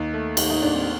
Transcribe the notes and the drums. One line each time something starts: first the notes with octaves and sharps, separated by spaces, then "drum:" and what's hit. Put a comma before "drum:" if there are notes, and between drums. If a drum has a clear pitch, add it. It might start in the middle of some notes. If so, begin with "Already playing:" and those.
Already playing: D#2 D#4
A3
D#2 D#4, drum: cymbal
D#4
D#2 D4
C4